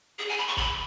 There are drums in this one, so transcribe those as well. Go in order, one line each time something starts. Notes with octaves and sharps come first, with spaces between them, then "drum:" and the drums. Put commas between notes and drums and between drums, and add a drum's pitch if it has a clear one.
G#4
G#5
B5
C#6
B5, drum: kick